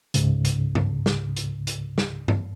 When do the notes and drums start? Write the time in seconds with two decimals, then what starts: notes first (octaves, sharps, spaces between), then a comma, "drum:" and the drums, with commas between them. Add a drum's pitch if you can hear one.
0.14 C#2 G#2 C#3, drum: hi-hat
0.45 drum: hi-hat
0.75 drum: tom G2
1.06 drum: snare
1.37 drum: hi-hat
1.67 drum: hi-hat
1.98 drum: snare
2.28 drum: tom G2